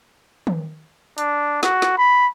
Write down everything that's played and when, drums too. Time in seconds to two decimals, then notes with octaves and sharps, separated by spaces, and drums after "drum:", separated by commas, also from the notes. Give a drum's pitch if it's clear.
0.47 drum: tom D#3
1.18 D4, drum: hi-hat
1.63 F#4, drum: snare
1.82 drum: snare
1.98 B5